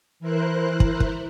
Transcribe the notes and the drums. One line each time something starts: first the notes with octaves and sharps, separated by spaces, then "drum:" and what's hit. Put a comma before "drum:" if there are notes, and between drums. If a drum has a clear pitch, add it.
E3 E4 A#4 C5 F#6
drum: kick
drum: kick